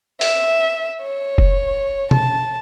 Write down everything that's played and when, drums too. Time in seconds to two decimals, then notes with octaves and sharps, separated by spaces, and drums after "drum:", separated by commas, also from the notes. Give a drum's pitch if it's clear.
0.21 E5, drum: open hi-hat
1.02 C#5
1.38 drum: kick F1
2.11 A5, drum: tom B2